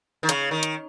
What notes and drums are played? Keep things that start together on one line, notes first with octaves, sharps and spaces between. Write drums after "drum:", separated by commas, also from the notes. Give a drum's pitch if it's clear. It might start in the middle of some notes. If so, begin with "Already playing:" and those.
D#3
C#3, drum: hi-hat
D#3
drum: hi-hat